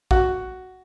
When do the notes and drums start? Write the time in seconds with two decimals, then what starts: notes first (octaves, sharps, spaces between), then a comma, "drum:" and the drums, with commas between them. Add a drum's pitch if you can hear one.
0.11 F#4, drum: kick A#1